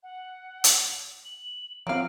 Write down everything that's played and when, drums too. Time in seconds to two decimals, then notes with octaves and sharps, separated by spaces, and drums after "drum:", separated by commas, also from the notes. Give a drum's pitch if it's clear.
0.03 F#5
0.64 drum: hi-hat
1.25 F#7
1.87 F3 F#3 C4 F5 D7